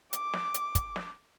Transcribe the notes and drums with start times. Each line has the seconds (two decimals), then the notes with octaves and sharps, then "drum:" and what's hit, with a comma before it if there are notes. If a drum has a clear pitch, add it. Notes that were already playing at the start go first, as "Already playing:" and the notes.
0.13 D6, drum: hi-hat
0.34 drum: snare
0.54 drum: hi-hat
0.75 drum: kick, hi-hat
0.96 drum: snare